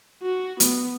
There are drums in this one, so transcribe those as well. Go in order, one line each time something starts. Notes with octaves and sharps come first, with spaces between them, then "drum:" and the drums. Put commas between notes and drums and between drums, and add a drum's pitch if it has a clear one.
F#4
B3, drum: hi-hat